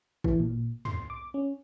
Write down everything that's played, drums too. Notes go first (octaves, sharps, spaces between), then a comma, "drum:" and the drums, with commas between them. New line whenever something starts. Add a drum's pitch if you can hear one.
E3, drum: kick
A#2
C6, drum: tom
D6
C#4